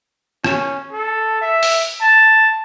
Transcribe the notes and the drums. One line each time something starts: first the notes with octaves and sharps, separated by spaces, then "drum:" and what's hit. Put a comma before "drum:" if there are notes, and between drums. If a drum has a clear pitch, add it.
C#4, drum: rim click
A4
E5
drum: open hi-hat
A5